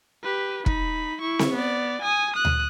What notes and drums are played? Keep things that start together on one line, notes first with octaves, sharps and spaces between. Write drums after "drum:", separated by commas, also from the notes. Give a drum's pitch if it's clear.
G4 B4
D#4 B5, drum: kick
E4 C#6
drum: snare C4
B3 D5
G#5 D#6
D#6 F#6
drum: tom D2